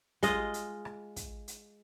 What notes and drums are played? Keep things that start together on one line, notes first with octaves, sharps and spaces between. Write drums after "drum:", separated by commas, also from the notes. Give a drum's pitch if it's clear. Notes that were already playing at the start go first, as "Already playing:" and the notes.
G#3 F4 D#5, drum: kick, hi-hat
drum: hi-hat
drum: rim click
drum: kick, hi-hat
drum: hi-hat